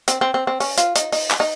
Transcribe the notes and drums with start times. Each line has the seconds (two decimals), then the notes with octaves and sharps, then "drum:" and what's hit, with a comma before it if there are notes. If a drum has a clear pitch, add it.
0.08 C4, drum: hi-hat
0.21 C4
0.34 C4
0.47 C4
0.60 C#4, drum: open hi-hat
0.78 F4, drum: hi-hat
0.96 D#4, drum: hi-hat
1.12 D#4, drum: open hi-hat
1.31 drum: clap
1.40 D#4